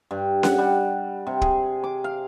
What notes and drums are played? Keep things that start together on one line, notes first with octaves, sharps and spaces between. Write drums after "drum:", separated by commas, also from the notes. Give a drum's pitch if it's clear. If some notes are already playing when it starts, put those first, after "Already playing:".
G2
F#5, drum: snare C#4
G3
C3
G#4, drum: kick
D6
F5